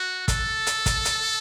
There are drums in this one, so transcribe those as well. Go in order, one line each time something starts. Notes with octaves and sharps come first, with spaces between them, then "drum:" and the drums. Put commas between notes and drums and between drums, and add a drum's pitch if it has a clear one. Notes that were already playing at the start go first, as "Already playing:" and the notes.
Already playing: F#4
A4, drum: kick, hi-hat
drum: hi-hat
drum: kick, hi-hat
drum: hi-hat